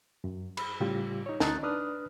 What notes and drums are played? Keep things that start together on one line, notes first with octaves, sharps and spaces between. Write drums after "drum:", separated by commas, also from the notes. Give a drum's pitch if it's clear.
F#2
B5, drum: cymbal
A2 C#3 G3 F4 G4
D#4 C#5
D2 C#4 D#4 F#6 A6, drum: snare
D4 B4 D#6 F6 F#6